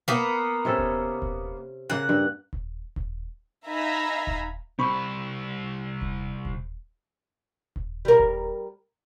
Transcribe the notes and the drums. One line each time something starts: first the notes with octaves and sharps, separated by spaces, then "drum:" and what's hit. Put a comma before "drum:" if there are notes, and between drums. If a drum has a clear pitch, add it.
A#3 B3
C3 C#4 A4
drum: kick D#1
drum: kick D#1
C#3 A#3 F#5
G2
drum: kick D#1
drum: kick D#1
D#4 E5 F5 G#5 A#5 B5
drum: kick D#1
C2 C4 E4 B5 C#6
drum: kick D#1
drum: kick D#1
drum: kick D#1
G3 A#4
drum: kick D#1